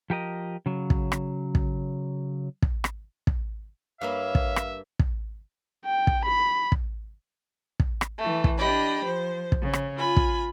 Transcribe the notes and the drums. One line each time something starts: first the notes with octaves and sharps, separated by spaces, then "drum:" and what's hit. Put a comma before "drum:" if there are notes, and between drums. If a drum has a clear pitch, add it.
F3 G4 A#4 D#5
C#3 F#3
drum: kick
drum: rim click
drum: kick
drum: kick
drum: rim click
drum: kick
G2 A#3 C#5 E5 F5 B5
drum: kick
drum: rim click
drum: kick
G5
drum: kick
B5
drum: kick
drum: kick
drum: rim click
E3 A3
drum: kick
D4 G4 D#5 B5
F3 C5
drum: kick
C#3
drum: rim click
F4 G#5 B5
drum: kick